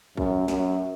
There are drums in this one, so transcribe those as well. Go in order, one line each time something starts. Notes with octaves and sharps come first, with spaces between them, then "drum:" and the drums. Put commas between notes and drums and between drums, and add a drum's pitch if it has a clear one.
F#2, drum: kick
F#2, drum: snare